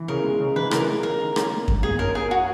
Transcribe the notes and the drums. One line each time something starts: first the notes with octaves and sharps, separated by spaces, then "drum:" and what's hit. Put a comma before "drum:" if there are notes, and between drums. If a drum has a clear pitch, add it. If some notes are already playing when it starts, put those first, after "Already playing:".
Already playing: E3
C#3 A#4
G#3
C#3
E3 B4
C#3 A#4, drum: rim click
G#3
C#3 A#4
D#3
C#4, drum: rim click
A#3
E2, drum: kick F#2
D#3 G#4
C#4 A#4
A#3 G#4
F#4